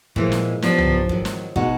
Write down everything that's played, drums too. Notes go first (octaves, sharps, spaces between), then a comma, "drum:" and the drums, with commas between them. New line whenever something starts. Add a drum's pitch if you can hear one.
A#2 E3 F3 G#3, drum: kick
drum: snare
F3 F#3 B3 D4 G4, drum: snare
drum: tom
G#2 D#3 F#3, drum: kick
drum: snare
B2 G#3 B3 D#4 F#4, drum: kick